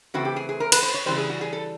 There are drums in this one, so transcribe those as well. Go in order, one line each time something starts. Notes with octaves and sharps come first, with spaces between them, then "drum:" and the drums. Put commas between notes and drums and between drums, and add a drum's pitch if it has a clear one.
C#3 E3 A3 C4 F#4
G4
G#4
G#4
A#4
B4, drum: cymbal
C5
C#5
C#3 E3 G3 C5
G#4
F#4
G#4
A4